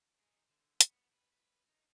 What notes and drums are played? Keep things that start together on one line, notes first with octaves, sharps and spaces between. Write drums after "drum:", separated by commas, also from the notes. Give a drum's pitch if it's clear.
D#4 G#4
D3
B3, drum: hi-hat
B4
B4
D#4